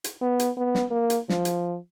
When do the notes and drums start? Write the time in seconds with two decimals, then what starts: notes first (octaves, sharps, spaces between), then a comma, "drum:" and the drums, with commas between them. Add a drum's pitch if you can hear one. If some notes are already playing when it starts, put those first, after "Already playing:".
0.04 drum: hi-hat
0.21 B3
0.39 drum: hi-hat
0.57 B3
0.75 drum: snare
0.91 A#3
1.10 drum: hi-hat
1.29 F3, drum: snare
1.45 drum: hi-hat